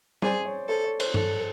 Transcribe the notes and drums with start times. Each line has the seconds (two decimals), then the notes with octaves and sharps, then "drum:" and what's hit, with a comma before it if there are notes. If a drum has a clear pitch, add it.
0.22 G#4 C5 D5, drum: tom G3
0.45 C#5
0.69 A4 C5
0.84 C#5
1.00 C5, drum: cymbal
1.14 A4, drum: tom G2